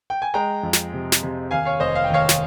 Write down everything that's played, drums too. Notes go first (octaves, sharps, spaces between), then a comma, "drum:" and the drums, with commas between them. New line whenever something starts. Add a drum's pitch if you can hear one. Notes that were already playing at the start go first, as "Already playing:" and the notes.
G5
G#5
G#3 G5 A#5
F2
drum: snare
C3
drum: snare
C3
D#2 F5 G#5
C#5 F5
F1 C5 D#5
F5
G5
D#2 C#5 F5
drum: snare